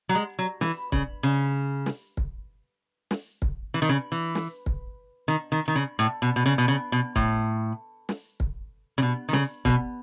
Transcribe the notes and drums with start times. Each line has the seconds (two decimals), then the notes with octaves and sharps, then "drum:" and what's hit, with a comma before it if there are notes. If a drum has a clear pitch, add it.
0.09 F#3
0.15 G#3
0.39 F#3
0.61 E3, drum: snare
0.92 C#3, drum: kick
1.23 C#3
1.86 drum: snare
2.17 drum: kick
3.11 drum: snare
3.42 drum: kick
3.74 E3
3.82 D#3
3.89 C#3
4.12 E3
4.35 drum: snare
4.66 drum: kick
5.28 D#3
5.52 D#3
5.68 D#3
5.75 C#3
5.99 A2
6.22 B2
6.36 B2
6.46 C#3
6.58 B2
6.68 C#3
6.92 B2
7.16 A2, drum: kick
8.09 drum: snare
8.40 drum: kick
8.98 C#3
9.02 B2
9.29 D#3
9.33 C#3, drum: snare
9.65 B2, drum: kick